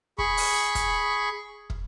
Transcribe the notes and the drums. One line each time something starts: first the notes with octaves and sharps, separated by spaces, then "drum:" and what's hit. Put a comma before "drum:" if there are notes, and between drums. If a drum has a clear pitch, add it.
G#4 B5 C#6, drum: kick
drum: open hi-hat
drum: kick, hi-hat
drum: kick